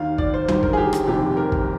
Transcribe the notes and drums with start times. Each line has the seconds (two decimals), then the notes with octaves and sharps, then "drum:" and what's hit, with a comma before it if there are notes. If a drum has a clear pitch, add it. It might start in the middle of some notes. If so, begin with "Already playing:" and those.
Already playing: D#2 D#3 F5
0.18 D5, drum: kick
0.34 C5
0.48 G1 G2 D#3 C5, drum: tom C2
0.63 A#4, drum: kick
0.73 G#4
0.77 G4
0.93 drum: rim click
1.07 F1 F2 C3 D#3 G4
1.37 A#4
1.52 drum: kick